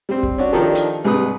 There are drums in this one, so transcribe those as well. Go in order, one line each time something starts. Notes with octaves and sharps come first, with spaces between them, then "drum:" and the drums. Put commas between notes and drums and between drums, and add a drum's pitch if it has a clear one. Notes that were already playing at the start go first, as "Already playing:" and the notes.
G3 C4
drum: kick
C#4 D4 F#4
D#3 F3 D4 D#4 G4 A4
drum: hi-hat
C2 G#2 G3 B4 D#6